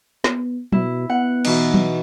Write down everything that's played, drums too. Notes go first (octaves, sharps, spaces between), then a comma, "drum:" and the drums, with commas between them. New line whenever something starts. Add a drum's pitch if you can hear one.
B3, drum: snare
B2 E4, drum: tom F#3
B3 F#5
B2 E3 D#4, drum: cymbal
drum: tom F#3